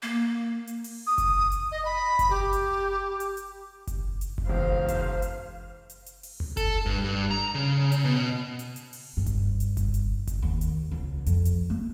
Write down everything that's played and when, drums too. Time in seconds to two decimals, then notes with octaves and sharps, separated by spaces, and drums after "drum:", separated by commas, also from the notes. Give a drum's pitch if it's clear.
0.03 A#3
0.67 drum: hi-hat
0.84 drum: open hi-hat
1.07 D#6
1.18 drum: kick F#1, hi-hat
1.52 drum: hi-hat
1.72 D#5
1.85 B5
2.19 drum: kick F#1, hi-hat
2.31 G4
2.53 drum: hi-hat
3.20 drum: hi-hat
3.37 drum: hi-hat
3.87 drum: kick F#1, hi-hat
4.21 drum: hi-hat
4.38 drum: kick F#1
4.47 E1 C#2 C5 F5
4.88 drum: kick F#1, hi-hat
5.22 drum: hi-hat
5.90 drum: hi-hat
6.06 drum: hi-hat
6.23 drum: open hi-hat
6.40 drum: tom D2
6.57 A4, drum: kick F#1, hi-hat
6.86 G2
7.04 G2
7.31 A#5
7.54 C#3
7.92 drum: hi-hat
8.05 B2
8.59 drum: hi-hat
8.76 drum: hi-hat
8.93 drum: open hi-hat
9.17 G2
9.26 drum: kick F#1, hi-hat
9.60 drum: hi-hat
9.77 drum: kick F#1, hi-hat
9.94 drum: hi-hat
10.27 drum: kick F#1, hi-hat
10.42 D#2
10.61 drum: hi-hat
10.91 C#2
11.26 F2, drum: hi-hat
11.45 drum: hi-hat
11.70 A#3